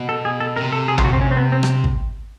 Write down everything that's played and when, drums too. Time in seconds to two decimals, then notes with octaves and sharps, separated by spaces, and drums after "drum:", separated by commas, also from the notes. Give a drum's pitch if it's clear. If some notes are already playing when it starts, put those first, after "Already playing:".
Already playing: B2
0.09 A4
0.25 G#4
0.40 A4
0.56 C3 A#4
0.72 A4
0.88 G#4
0.98 F4, drum: tom
1.05 F#4
1.13 C4
1.21 C#4
1.31 C4
1.37 B3
1.52 C4
1.63 drum: rim click
1.84 drum: kick